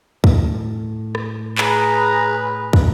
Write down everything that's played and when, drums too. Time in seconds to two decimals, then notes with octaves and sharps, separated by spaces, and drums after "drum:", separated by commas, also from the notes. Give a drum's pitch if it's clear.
0.24 A2, drum: kick
1.15 drum: rim click
1.58 G#4 B4 A#5, drum: clap
2.73 drum: kick